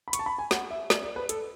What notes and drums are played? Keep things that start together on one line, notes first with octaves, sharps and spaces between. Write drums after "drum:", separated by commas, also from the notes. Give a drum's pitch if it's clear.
B5
C#6, drum: hi-hat
A5
B5
G#5
F#5, drum: snare
E5
D5, drum: snare
D5
B4
A4, drum: hi-hat